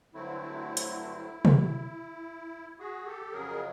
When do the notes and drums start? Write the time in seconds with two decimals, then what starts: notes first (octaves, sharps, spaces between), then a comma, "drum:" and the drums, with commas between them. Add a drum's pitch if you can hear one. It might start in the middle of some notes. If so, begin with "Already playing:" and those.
0.14 G2 D3 F#3 A3 C4 E4
0.77 drum: hi-hat
1.45 drum: tom
2.79 F#4 G#4
3.06 G4 A4
3.33 F2 C#3 F#3 G#4 A#4